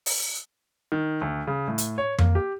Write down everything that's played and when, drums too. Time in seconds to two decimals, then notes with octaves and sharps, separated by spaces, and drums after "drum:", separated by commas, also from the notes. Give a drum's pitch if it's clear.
0.06 drum: open hi-hat
0.92 D#3
1.21 D2
1.47 C#3
1.68 A2
1.78 drum: hi-hat
1.98 C#5
2.19 A#3, drum: tom F2
2.35 G4